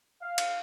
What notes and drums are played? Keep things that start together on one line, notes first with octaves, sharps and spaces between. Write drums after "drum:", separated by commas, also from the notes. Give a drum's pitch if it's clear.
F5
drum: cymbal